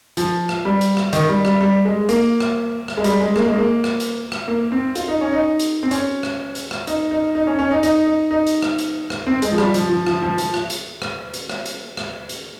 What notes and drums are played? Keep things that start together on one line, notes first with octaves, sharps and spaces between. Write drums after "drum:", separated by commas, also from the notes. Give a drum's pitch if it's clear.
F3, drum: hi-hat
drum: rim click
G3
drum: hi-hat
drum: rim click
D#3, drum: hi-hat
G3
G3, drum: rim click
G3
G#3
A#3, drum: hi-hat
drum: rim click
drum: rim click
G#3
G3, drum: hi-hat
G#3
A#3, drum: rim click
G#3
A#3
drum: rim click
drum: hi-hat
drum: rim click
A#3
C4
F4, drum: hi-hat
D#4
C#4
D#4
drum: hi-hat
C4
C#4, drum: hi-hat
drum: rim click
drum: hi-hat
drum: rim click
D#4, drum: hi-hat
D#4
D#4
C#4
C#4
D#4
D#4, drum: hi-hat
D#4
D#4
drum: hi-hat
drum: rim click
drum: hi-hat
drum: rim click
C4
G#3, drum: hi-hat
F3
G3, drum: rim click
F3, drum: hi-hat
F3
F3, drum: rim click
F3
F3, drum: hi-hat
drum: rim click
drum: hi-hat
drum: rim click
drum: hi-hat
drum: rim click
drum: hi-hat
drum: rim click
drum: hi-hat